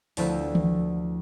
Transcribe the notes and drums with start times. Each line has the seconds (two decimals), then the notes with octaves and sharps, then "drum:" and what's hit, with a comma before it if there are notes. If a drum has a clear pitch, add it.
0.17 D2 F3 B3 E4 C5 E6, drum: open hi-hat
0.55 drum: tom D#3